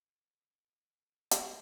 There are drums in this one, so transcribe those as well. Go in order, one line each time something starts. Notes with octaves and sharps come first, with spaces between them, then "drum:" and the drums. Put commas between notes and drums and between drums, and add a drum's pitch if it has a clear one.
E2 G#2 F3 C#4
A4
drum: hi-hat